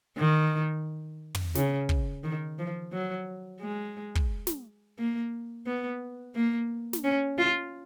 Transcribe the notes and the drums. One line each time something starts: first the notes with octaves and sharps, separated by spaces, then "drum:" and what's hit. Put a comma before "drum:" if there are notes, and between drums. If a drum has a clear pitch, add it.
D#3
drum: tom
C#3, drum: snare
drum: kick
D#3
F3
F#3
G#3
drum: kick
drum: snare
A#3
B3
A#3
drum: snare
C#4
F4